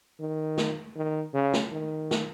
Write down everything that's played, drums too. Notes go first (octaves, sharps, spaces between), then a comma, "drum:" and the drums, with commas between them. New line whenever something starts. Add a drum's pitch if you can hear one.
D#3
drum: snare
D#3
C#3
drum: snare
D#3
drum: snare